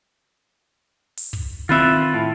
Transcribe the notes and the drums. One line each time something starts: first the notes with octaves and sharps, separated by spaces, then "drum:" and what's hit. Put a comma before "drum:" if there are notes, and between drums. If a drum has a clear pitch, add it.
drum: open hi-hat
drum: kick
D#3 C4 F4 B4 E5
A2